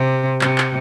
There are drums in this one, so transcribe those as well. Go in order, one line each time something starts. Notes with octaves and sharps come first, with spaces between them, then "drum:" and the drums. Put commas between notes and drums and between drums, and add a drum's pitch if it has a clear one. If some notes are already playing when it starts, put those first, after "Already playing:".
Already playing: C3
C3, drum: clap
drum: clap